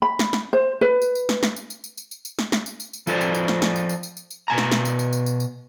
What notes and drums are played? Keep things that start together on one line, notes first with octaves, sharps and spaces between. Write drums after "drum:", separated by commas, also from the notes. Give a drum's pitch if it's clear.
B5
drum: snare
drum: snare
C5
B4
drum: tambourine
drum: tambourine
drum: snare
drum: snare
drum: tambourine
drum: tambourine
drum: tambourine
drum: tambourine
drum: tambourine
drum: tambourine
drum: snare
drum: snare
drum: tambourine
drum: tambourine
drum: tambourine
F3 F4 A4 C5 D5, drum: tambourine
drum: tambourine
drum: tambourine
drum: snare
drum: snare
drum: tambourine
drum: tambourine
drum: tambourine
drum: tambourine
drum: tambourine
B2 G#5 A#5
drum: snare
drum: snare
drum: tambourine
drum: tambourine
drum: tambourine
drum: tambourine
drum: tambourine